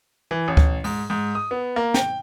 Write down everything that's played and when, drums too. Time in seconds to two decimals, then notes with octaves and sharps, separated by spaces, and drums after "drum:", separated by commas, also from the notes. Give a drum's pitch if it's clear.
0.31 E3
0.48 A1
0.57 drum: kick D2
0.84 G#2, drum: open hi-hat
1.10 G#2
1.35 D#6
1.51 B3
1.76 A#3
1.94 G5, drum: snare